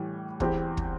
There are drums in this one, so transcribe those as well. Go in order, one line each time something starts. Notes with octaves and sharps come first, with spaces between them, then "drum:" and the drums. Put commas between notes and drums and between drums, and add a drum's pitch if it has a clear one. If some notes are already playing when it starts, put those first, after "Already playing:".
Already playing: A2 E3 G3
E2 E3 C4 G4, drum: kick
drum: kick